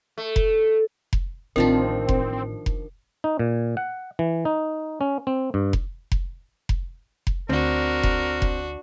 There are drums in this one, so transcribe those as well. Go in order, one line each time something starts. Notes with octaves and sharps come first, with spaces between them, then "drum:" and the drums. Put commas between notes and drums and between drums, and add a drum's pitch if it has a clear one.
A3
drum: kick F1
drum: kick F1
A1 D#3 F3 C4 D4 A#4
drum: kick F1
drum: kick F1
D#4
A#2
F#5
E3
D#4
C#4
C4
G2
drum: kick F1
drum: kick F1
drum: kick F1
drum: kick F1
D2 C4 D4 F#4 A#4
drum: kick F1
drum: kick F1